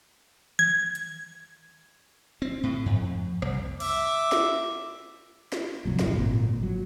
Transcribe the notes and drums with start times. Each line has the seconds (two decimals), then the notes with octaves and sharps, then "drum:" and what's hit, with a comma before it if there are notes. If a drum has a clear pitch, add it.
0.59 G#6, drum: tom D#3
0.95 drum: hi-hat
2.42 C4
2.63 A2
2.86 F2, drum: tom F#2
3.42 C2, drum: rim click
3.80 E5 D6, drum: cymbal
4.32 drum: snare
5.52 drum: snare
5.85 D1 C2 C3 F#3
5.99 F#1 F#2 A#2 C4, drum: snare
6.18 G#1 A#2
6.63 F#3